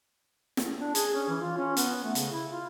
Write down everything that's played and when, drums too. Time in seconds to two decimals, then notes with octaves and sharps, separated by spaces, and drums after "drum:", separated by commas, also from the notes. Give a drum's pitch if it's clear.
0.57 drum: snare
0.81 D4
0.95 G#4, drum: hi-hat
1.14 C#4
1.28 E3
1.41 F4
1.57 C#4
1.77 B3, drum: hi-hat
2.04 A3
2.15 C#3, drum: hi-hat
2.31 E4
2.49 F4